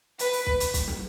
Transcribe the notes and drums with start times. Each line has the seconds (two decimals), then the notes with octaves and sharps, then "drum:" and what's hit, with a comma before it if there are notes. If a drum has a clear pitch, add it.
0.19 B4, drum: hi-hat
0.33 drum: open hi-hat
0.47 drum: kick
0.60 drum: hi-hat
0.74 drum: kick, hi-hat
0.88 drum: snare